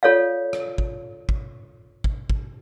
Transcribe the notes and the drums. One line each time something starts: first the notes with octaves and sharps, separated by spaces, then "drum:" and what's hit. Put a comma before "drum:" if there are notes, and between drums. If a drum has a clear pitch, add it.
F4 A4 C#5 D5 F5
drum: rim click
drum: kick
drum: kick
drum: kick
drum: kick